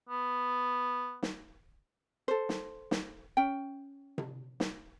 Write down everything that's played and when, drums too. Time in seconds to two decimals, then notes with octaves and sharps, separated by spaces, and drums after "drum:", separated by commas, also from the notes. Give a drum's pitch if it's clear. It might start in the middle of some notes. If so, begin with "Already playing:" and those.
0.09 B3
1.23 drum: snare
2.28 A4 C5
2.49 drum: snare
2.91 drum: snare
3.37 C#4 G5
4.18 drum: tom C3
4.60 drum: snare